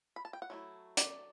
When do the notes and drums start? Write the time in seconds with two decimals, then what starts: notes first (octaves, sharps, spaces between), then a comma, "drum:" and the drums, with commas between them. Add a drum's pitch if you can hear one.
0.16 B5
0.25 A5
0.33 G5
0.42 F#5
0.50 F#3 A3 E4
0.97 D5, drum: hi-hat